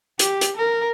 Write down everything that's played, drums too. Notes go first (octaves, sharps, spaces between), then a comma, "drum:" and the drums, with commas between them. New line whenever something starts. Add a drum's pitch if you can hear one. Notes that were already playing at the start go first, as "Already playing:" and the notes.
G4, drum: hi-hat
drum: hi-hat
A#4